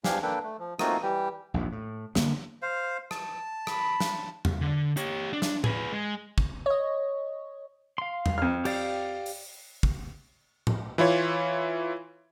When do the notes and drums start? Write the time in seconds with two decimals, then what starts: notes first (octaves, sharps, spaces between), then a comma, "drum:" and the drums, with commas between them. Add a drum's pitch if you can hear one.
0.04 E2 F3 D4 G4 F5 G#5, drum: snare
0.23 A#3 D4 A4 B4 G5
0.44 A3
0.59 F3
0.79 A3 A#3 C4 D#4 F4 F#4, drum: rim click
1.02 E3 G3 G4
1.54 A#1 D#2 G#2
1.72 A2
2.15 D3 F3 A#3 B3, drum: snare
2.62 C5 F5
3.11 A5, drum: rim click
3.67 B5, drum: rim click
4.00 drum: snare
4.45 drum: tom E2
4.61 D3
4.97 G4 C#5, drum: hi-hat
5.33 D4
5.42 drum: snare
5.64 G#4 B4, drum: tom A2
5.92 G#3
6.38 drum: kick
6.66 C#5 D#5
7.98 F5 C6
8.26 drum: tom E2
8.38 F2 F6
8.65 G4 D5 F5, drum: cymbal
9.26 drum: open hi-hat
9.83 drum: kick
10.67 drum: tom A2
10.98 E3 E4 F4 C#5